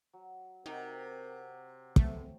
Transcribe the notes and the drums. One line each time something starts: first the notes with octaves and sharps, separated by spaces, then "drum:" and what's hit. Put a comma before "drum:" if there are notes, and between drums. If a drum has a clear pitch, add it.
F#3
C3 C4 D#4 F#4 A#4 C5 D5
G#3 A3 B3 C4, drum: kick